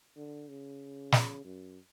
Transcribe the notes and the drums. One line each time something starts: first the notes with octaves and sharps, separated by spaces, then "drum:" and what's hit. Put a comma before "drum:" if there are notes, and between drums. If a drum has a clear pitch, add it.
D3
C#3
drum: snare
F#2